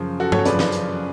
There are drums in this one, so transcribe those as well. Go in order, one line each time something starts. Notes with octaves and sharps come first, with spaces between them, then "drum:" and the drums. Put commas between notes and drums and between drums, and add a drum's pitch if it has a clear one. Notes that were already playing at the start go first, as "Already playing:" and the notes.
Already playing: F#2 C#3 F3
F#4 A4
A4 C#5, drum: tom G2
F#2 C#3 F3 B4 D5, drum: hi-hat
drum: snare
drum: hi-hat